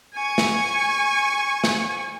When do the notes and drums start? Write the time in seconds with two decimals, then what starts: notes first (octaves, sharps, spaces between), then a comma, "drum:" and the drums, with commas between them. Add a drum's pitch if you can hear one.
0.14 G#5 C#6
0.38 drum: snare
1.64 drum: snare